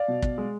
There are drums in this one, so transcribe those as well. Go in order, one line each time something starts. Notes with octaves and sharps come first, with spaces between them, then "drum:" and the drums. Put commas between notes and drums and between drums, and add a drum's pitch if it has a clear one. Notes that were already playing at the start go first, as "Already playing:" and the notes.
Already playing: D5 F5
B2
B2, drum: kick
G#3